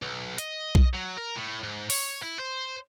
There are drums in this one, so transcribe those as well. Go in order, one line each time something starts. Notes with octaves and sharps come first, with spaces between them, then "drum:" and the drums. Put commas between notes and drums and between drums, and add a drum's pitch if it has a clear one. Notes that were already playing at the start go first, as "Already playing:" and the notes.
B1
D#5, drum: hi-hat
drum: kick B1
F#3
A#4
A2
G#2
C#5, drum: open hi-hat
E4
C5